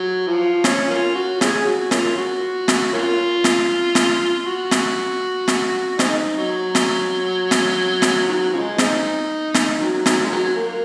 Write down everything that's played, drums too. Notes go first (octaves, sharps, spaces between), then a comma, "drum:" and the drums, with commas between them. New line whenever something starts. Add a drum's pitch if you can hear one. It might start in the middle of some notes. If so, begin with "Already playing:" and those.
Already playing: F#3
F3
C#4, drum: snare
A#3 C#4 F4
F#4
C#4 F4 G#4, drum: snare
F#4
A#3 C#4 F4, drum: snare
F#4
drum: snare
A#3 C#4 F4
drum: snare
drum: snare
F#4
drum: snare
drum: snare
G#3 C4 D#4, drum: snare
F#3
drum: snare
drum: snare
drum: snare
D#3 F#3
C#3 F3 G#3
G#3 C4 D#4, drum: snare
drum: snare
D#3 F#3
D#3 F#3, drum: snare
G#3
D#3 F#3
A#3